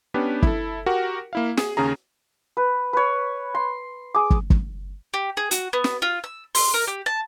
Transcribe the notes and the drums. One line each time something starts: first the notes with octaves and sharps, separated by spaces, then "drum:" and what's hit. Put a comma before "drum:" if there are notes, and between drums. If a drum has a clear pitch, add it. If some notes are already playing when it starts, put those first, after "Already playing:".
B3 C#4 D4 G4 B4
E4 A4, drum: kick
F#4 G4 A#4 F#5
A#3 E4 F5
G#4, drum: snare
D#2 C#3 C#4 G#4 A#5
B4
B4 C#5
C6
G#4 D6
drum: kick
drum: kick
G4
G#4
F#4, drum: hi-hat
B3
drum: snare
F4
E6
C6, drum: open hi-hat
A#4
G4
A5